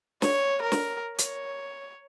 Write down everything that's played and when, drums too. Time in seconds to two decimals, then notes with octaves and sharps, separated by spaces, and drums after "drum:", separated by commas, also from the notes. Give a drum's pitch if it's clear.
0.22 C#5, drum: snare
0.62 A#4
0.72 drum: snare
1.19 C#5, drum: hi-hat